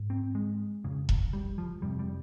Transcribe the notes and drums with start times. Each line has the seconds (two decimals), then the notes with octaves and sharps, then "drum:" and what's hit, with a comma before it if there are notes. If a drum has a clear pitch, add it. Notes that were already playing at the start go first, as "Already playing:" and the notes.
Already playing: G#2
0.10 C4
0.35 G#3
0.84 F2 C#3
1.09 drum: kick E1
1.33 G3
1.58 F3
1.82 F2 C3 G3
1.99 G3